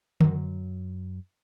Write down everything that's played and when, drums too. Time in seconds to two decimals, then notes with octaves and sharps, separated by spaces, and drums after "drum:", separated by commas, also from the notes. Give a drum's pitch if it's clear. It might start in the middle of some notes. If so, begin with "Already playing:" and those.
0.21 F#2 F#3, drum: tom D3